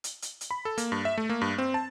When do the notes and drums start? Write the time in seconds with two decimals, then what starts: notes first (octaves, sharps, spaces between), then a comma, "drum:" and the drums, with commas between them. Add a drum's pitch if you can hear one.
0.04 drum: hi-hat
0.22 drum: hi-hat
0.41 drum: hi-hat
0.51 B5
0.65 A4
0.78 A#3, drum: hi-hat
0.92 G2
1.05 E5
1.18 A3
1.29 A#3
1.41 G2
1.58 C4
1.74 A5